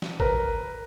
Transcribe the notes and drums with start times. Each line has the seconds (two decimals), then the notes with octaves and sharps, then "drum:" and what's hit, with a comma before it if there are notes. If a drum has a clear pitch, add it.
0.02 drum: snare
0.20 A#4 B4, drum: kick